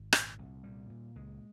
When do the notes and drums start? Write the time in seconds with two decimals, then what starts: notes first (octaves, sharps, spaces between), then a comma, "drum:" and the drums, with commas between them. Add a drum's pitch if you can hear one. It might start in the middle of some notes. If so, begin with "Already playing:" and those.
Already playing: G#1
0.13 A#2, drum: rim click
0.39 C2
0.64 A#2 G3
0.90 A#2
1.15 C#2 G#3